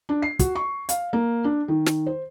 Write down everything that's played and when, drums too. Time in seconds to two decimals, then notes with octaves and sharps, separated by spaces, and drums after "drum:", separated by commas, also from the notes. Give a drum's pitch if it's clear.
0.09 D4
0.22 C7
0.39 F#4, drum: kick, hi-hat
0.55 C#6
0.89 F5, drum: hi-hat
1.13 A#3
1.44 D4
1.68 D#3
1.86 drum: snare
2.06 C5